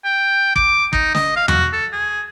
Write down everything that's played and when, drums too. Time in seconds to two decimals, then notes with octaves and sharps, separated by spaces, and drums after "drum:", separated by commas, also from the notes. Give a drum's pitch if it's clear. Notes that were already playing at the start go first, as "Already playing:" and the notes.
0.05 G5
0.56 D6, drum: kick
0.93 D#4, drum: kick
1.14 D#5, drum: snare
1.36 F5
1.48 F#4, drum: tom E2
1.73 A4
1.93 G#4